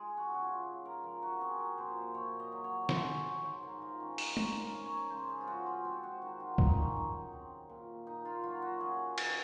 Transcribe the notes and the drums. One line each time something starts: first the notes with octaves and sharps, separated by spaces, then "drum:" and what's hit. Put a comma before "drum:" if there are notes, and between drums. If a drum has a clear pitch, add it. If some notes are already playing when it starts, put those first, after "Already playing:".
Already playing: G#3 G#4
F#4
C#3 F#4
F4
C#3
A#4
F3 A#4
F#4
F#4
C4 G#4
A#4
A#2 C5
A#2 C#5
D#5
F#3
C#5
G#3 C5, drum: snare
C#5
G#2 C#5
C5
G#2 A#4
F4
D#3 C#4
D#4, drum: open hi-hat
C#4 C#5, drum: tom G#3
A#4
C#3
C#5
C#3 C5
G#4
F4
G#3 F#4
F4
C4 F#4
F#4
D#3 F#4
F4
D#3 D#4, drum: kick
C#4
F#3 D#4
C4
A#2
A#2 D#4
F4
F#3 F4
F#4
C#4 G#4
D#3, drum: cymbal